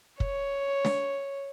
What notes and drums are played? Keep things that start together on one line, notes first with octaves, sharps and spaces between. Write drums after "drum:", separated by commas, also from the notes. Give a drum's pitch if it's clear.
C#5, drum: kick
drum: snare